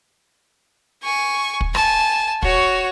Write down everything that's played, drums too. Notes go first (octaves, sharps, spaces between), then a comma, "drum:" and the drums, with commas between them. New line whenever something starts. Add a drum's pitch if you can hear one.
G#5 C#6
drum: kick
G#5 A5, drum: rim click
F#4 C#5, drum: kick